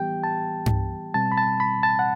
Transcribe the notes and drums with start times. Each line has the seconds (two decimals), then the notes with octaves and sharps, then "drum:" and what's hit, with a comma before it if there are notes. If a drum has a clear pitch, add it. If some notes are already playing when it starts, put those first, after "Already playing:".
Already playing: E3 G3 B3 G4 G5
0.24 A5
0.66 drum: tom G2
1.14 B2 G3 C4 A5
1.32 B5
1.37 A5
1.60 B5
1.83 A5
1.99 F#5